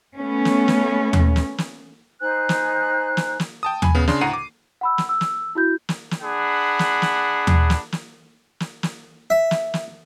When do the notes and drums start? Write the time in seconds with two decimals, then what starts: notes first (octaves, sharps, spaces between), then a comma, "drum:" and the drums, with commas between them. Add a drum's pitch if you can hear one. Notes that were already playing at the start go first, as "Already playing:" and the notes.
0.18 A3 B3 C#4
0.45 drum: snare
0.68 drum: snare
1.13 drum: tom D#2
1.36 drum: snare
1.58 drum: snare
2.20 D#4 C5 G#5 F#6
2.49 drum: snare
3.17 drum: snare
3.40 drum: snare
3.63 G5 A5 D#6
3.82 G#5 B5, drum: tom D#2
3.95 C#3 B3
4.07 C#3 D4 C6, drum: snare
4.21 D2 A2 F#5 A#5 C7 D#7
4.33 D6
4.81 F#5 B5 E6
4.98 drum: snare
5.09 E6
5.21 drum: snare
5.55 E4 F#4 G6
5.89 drum: snare
6.11 drum: snare
6.22 D4 G#4 F#5 B5
6.79 drum: snare
7.02 drum: snare
7.47 drum: tom D#2
7.70 drum: snare
7.92 drum: snare
8.60 drum: snare
8.83 drum: snare
9.30 E5
9.51 drum: snare
9.74 drum: snare